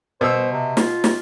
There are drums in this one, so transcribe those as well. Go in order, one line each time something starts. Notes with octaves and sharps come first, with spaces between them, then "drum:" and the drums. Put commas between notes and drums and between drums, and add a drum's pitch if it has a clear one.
B2 C5 E6
C3
F4, drum: snare
drum: snare